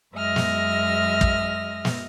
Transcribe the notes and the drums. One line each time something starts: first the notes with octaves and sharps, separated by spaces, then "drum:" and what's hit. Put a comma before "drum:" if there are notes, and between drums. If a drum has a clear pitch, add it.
F#2 G#3 D#5 E5 F6 A#6
drum: snare
drum: kick
drum: snare